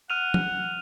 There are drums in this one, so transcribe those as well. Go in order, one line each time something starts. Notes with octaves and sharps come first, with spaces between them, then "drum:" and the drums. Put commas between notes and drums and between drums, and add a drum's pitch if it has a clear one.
F#5 F6 D#7 F7
drum: tom F3